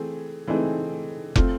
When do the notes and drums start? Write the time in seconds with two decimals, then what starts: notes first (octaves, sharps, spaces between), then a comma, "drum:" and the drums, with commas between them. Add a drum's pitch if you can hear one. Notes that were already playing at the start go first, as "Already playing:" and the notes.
Already playing: E3 A3 C4 G#4
0.47 E3 A3 C4 D#4 G#4
1.36 A3 C4 F4, drum: kick